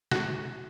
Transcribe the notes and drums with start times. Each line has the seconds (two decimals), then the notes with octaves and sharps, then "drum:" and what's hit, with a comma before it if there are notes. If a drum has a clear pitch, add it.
0.11 F#4, drum: snare